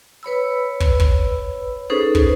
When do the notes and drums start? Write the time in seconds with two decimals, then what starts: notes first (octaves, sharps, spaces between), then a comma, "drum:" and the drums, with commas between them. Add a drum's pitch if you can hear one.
0.23 B4 C#5 B5 E6
0.80 drum: kick
1.00 drum: kick
1.90 C#4 D#4 G#4 A4 B4 C5
2.15 drum: kick